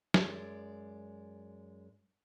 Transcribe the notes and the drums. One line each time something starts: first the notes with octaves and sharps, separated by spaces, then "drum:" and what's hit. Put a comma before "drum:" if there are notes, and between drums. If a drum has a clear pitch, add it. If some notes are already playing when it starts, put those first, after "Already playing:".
F#2 G#3 D5, drum: snare